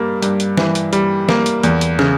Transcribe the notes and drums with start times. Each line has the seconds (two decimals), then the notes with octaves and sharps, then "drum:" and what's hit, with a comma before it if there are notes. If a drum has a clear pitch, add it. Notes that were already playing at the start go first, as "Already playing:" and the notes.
Already playing: G2 G3 A#3
0.22 G2, drum: hi-hat
0.40 drum: hi-hat
0.57 E3, drum: snare
0.75 drum: hi-hat
0.93 G3, drum: hi-hat
1.29 A#3, drum: snare
1.46 drum: hi-hat
1.63 E2, drum: hi-hat
1.81 drum: hi-hat
1.99 C#3, drum: snare